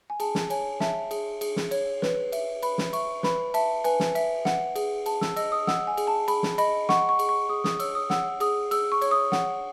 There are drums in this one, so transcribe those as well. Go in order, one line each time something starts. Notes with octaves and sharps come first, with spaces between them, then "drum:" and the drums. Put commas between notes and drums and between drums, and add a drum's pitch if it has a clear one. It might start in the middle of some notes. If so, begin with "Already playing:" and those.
G#5
G#4 A5, drum: cymbal
drum: snare
C#5 G#5, drum: cymbal
E5 A5, drum: snare
G#4, drum: cymbal
G#4, drum: cymbal
drum: snare
C#5, drum: cymbal
B4, drum: snare
E5, drum: cymbal
B4 B5, drum: cymbal
drum: snare
E5 C#6, drum: cymbal
B4 B5, drum: snare
E5 A5, drum: cymbal
B4 G#5, drum: cymbal
drum: snare
E5, drum: cymbal
F#5, drum: snare
G#4, drum: cymbal
G#4 A5, drum: cymbal
E6, drum: snare
D#5 E6, drum: cymbal
D#6
F#5 E6, drum: snare
G#5
G#4, drum: cymbal
A5
G#4 B5, drum: cymbal
drum: snare
D#5 B5, drum: cymbal
F#5 C#6, drum: snare
C#6
G#4, drum: cymbal
C#6
G#4 D#6
D#6, drum: snare
C#5 E6, drum: cymbal
D#6
F#5 E6, drum: snare
G#4 D#6, drum: cymbal
G#4 E6, drum: cymbal
C#6
C#5, drum: cymbal
D#6
F#5, drum: snare